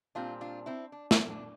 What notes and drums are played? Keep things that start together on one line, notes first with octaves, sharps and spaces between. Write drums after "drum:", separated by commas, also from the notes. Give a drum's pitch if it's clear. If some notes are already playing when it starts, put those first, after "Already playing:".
A#2 G3 C4 D4 F4
D4 F4
C4 E4
D4
C4, drum: snare
D4